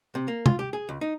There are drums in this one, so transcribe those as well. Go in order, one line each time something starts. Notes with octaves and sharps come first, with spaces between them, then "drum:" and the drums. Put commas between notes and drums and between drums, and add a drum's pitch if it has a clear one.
C3
A#3
F4, drum: tom
G4
G#4
C#2
D#4